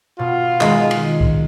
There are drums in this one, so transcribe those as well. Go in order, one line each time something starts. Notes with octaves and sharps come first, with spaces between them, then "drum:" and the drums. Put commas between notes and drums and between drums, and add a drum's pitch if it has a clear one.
B2 F4
D#3 G#3, drum: clap
drum: cymbal
drum: kick C2